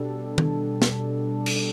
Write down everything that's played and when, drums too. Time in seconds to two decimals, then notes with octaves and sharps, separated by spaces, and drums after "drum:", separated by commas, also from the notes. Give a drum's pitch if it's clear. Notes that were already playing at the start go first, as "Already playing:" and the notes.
Already playing: B2 G3 D4 A4
0.38 drum: tom D#3
0.82 drum: snare
1.46 drum: cymbal